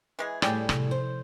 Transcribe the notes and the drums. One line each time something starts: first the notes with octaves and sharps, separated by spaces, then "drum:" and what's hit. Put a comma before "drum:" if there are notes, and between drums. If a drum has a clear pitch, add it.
E3 G#3 G#4
A2 G3 G#4 D5 G5, drum: rim click
C3 F3, drum: rim click
C5